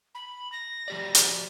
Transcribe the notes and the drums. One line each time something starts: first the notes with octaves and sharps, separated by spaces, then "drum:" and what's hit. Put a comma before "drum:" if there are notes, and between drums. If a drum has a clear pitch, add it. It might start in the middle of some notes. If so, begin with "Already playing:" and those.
B5
A#6
F3 G4 D5
drum: hi-hat